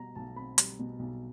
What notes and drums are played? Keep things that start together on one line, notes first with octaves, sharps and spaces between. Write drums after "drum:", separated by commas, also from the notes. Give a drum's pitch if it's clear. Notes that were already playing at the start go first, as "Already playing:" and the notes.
Already playing: B2 G3 A#5
B1 A5
C4 B5
G3, drum: hi-hat
B2
B1